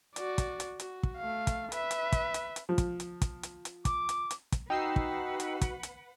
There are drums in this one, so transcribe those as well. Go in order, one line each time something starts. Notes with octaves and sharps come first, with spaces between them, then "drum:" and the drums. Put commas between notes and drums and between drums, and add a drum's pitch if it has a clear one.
F#4 D5, drum: hi-hat
drum: kick, hi-hat
drum: hi-hat
F#4, drum: hi-hat
drum: kick
A3 F5
drum: kick, hi-hat
B4 E5, drum: hi-hat
drum: hi-hat
drum: kick, hi-hat
drum: hi-hat
drum: hi-hat
F3
drum: kick, hi-hat
drum: hi-hat
drum: kick, hi-hat
drum: hi-hat
drum: hi-hat
D6, drum: kick, hi-hat
drum: hi-hat
drum: hi-hat
drum: kick, hi-hat
D#4 F#4 B4 F#5 G5 E6 C7
drum: kick
drum: hi-hat
drum: kick, hi-hat
drum: hi-hat